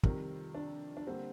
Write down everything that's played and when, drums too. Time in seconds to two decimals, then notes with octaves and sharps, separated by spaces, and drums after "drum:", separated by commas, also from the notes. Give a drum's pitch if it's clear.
0.03 F2 C3 D#3 G3 A#4, drum: kick
0.55 D4
0.97 D4
1.07 D3 G3 A#3 C4